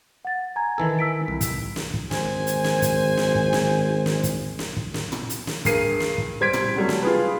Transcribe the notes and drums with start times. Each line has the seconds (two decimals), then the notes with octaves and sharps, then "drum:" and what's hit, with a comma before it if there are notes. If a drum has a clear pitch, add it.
0.25 F#5 A6
0.56 G#5 A#5 G#6
0.78 D#3 E3 A4
0.99 E6 B6 D7
1.28 C2
1.41 drum: kick, hi-hat
1.76 drum: snare
1.94 drum: kick
2.11 G#1 C5 G#5, drum: snare
2.47 drum: hi-hat
2.64 drum: snare
2.82 drum: kick, hi-hat
3.17 drum: snare
3.35 drum: kick
3.53 drum: snare
4.06 drum: snare
4.23 drum: kick, hi-hat
4.59 drum: snare
4.77 drum: kick
4.94 drum: snare
5.12 drum: tom
5.30 drum: hi-hat
5.47 drum: snare
5.65 G2 G#4 A#4 C7 D#7, drum: kick, hi-hat
6.00 drum: snare
6.18 drum: kick
6.41 G3 C5 G#6 B6 D7
6.53 drum: tom
6.75 C3 F#3 G3 A3
6.89 drum: snare
7.02 F4 G#4 B4